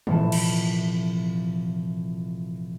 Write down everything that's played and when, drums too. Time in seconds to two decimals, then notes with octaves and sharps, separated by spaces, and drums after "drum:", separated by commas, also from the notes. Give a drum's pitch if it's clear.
0.07 F1 A#2 E3 A5, drum: tom D#3
0.32 drum: cymbal